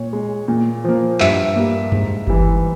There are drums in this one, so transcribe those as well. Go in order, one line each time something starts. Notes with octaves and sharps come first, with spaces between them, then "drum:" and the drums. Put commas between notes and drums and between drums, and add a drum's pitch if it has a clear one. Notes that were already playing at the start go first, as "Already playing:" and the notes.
Already playing: A#2 C#5
G#3
A#2
F3 A#3
G2 E5, drum: clap
G3 A#3
G#2, drum: tom F#2
E3 G3, drum: kick G1